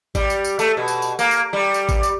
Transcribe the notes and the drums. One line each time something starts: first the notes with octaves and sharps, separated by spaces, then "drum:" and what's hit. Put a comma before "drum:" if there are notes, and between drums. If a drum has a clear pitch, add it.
G3, drum: kick G#1, tambourine
drum: tambourine
drum: tambourine
A3, drum: tambourine
B2
drum: tambourine
drum: tambourine
A#3, drum: tambourine
drum: tambourine
G3
drum: tambourine
drum: kick G#1, tambourine
drum: tambourine